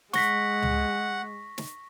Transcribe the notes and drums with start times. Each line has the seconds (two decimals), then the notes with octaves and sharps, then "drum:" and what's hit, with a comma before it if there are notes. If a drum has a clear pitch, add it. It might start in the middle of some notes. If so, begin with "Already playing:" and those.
0.13 G#3 F#5 C#6 A#6 B6, drum: snare
0.62 drum: tom C#2
1.58 drum: snare